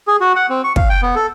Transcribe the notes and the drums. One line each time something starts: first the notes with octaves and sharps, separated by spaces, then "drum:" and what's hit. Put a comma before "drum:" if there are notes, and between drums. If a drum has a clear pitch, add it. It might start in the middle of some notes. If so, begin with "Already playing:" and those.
G#4
F#4
F#5
C4
C#6
F5, drum: kick
G5
B3
A4